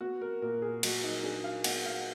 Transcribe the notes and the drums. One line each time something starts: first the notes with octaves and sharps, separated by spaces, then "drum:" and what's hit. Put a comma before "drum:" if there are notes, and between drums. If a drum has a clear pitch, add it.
B3 F#4
A#4
A#2 A#4
G#4
F#3 F#4, drum: cymbal
D#4
D4 G#4
F5
B3 F#5, drum: cymbal
F5